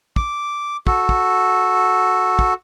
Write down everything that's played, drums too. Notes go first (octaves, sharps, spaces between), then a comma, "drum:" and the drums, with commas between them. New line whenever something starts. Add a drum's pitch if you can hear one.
D6, drum: kick
F#4 A4, drum: kick
drum: kick
drum: kick